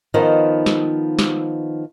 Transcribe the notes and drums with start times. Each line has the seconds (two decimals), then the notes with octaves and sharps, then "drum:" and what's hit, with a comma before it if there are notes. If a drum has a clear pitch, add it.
0.14 D#3 F3 B3 D#4 B4 C5
0.66 drum: snare
1.19 drum: snare